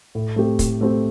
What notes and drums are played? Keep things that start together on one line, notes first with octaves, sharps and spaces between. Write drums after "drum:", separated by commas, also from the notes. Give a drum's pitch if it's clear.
A2
A3 C4 G4
A2, drum: kick, hi-hat
A3 C4 G4